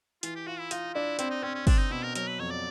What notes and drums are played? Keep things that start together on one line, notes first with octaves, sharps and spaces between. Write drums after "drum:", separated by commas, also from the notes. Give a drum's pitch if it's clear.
E3 F4, drum: hi-hat
G4
F4 F#4
E4
D#4 F4, drum: hi-hat
D4 E4
C4 E4, drum: hi-hat
D#4
C4 C#4
C#4
C4 D4, drum: kick, open hi-hat
D#4
B2 E4
A#4
F#3 A#4, drum: hi-hat
B4
F2 C#5
D5